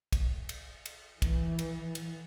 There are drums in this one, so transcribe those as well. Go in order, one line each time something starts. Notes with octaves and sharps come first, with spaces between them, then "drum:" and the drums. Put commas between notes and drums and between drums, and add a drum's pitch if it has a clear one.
drum: kick, cymbal
drum: cymbal
drum: cymbal
E3, drum: kick, cymbal
drum: cymbal
drum: cymbal